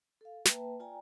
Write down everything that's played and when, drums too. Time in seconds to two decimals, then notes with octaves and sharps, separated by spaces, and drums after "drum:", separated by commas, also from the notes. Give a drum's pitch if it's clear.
0.21 A4 F5
0.45 A#3 B4 E5 G5 A5, drum: snare
0.80 F4 D5 G5 G#5 A#5